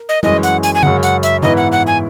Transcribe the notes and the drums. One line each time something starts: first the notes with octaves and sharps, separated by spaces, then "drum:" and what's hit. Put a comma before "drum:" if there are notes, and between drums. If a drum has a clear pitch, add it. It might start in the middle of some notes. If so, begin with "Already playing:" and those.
Already playing: A#4
D#5
F#2 E3 G#3 D#5, drum: tom G3
F#5, drum: hi-hat
G#5, drum: hi-hat
G#5
F#2 C#3 G#3 F#5, drum: tom D3
F#5, drum: hi-hat
E5, drum: hi-hat
G#2 E3 B3 E4 B4 D#5, drum: tom D3
F#5
F#5
G#5